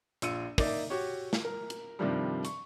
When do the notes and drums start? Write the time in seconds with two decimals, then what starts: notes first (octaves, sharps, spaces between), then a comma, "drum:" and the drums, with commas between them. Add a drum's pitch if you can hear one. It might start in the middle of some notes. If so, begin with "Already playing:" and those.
0.22 A#1 F4 E6 C#7 D#7, drum: hi-hat
0.58 A#3 D#4 D5 E5, drum: kick, open hi-hat
0.90 F#4 G4 C#5
1.33 drum: snare
1.45 A#4
1.70 drum: hi-hat
1.99 G2 C3 D#3 F3 G3
2.45 C#6, drum: hi-hat